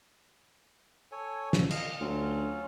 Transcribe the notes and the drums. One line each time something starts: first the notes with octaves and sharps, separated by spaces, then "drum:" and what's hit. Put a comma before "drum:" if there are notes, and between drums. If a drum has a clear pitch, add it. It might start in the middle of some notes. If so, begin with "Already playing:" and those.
A4 C#5 G#5
drum: snare
D#5 F5, drum: cymbal
D2 F#3 C#4 F4